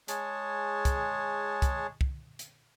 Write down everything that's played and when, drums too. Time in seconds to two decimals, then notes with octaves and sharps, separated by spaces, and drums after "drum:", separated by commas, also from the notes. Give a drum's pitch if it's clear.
0.08 G#3 G#4 C#5 A5, drum: hi-hat
0.85 drum: kick, hi-hat
1.62 drum: kick, hi-hat
2.01 drum: kick
2.39 drum: hi-hat